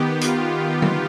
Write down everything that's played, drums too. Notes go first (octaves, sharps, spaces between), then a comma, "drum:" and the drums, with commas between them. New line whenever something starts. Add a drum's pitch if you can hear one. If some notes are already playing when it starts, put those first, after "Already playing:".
Already playing: D#3 B3 G4
F4, drum: hi-hat
drum: tom D3